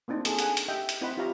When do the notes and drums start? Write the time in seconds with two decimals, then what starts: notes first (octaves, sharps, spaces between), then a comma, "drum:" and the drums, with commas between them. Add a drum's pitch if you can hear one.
0.08 A#3 C4 D4 D#4 C5
0.25 A#3 D#4 G#4 A4, drum: hi-hat
0.39 G#4 F#5 G#5, drum: hi-hat
0.57 drum: hi-hat
0.68 G4 D#5 E5 G5
0.89 drum: hi-hat
1.01 C4 E4 C5 D#5 F#5 B5
1.17 E4 F4 G4 C#5 F5 A#5